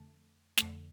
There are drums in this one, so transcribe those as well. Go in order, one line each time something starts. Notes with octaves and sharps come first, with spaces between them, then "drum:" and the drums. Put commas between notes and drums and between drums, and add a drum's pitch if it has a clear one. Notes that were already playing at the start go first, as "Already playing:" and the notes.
Already playing: F2 D3 A3 A5
F2 D3 A3, drum: snare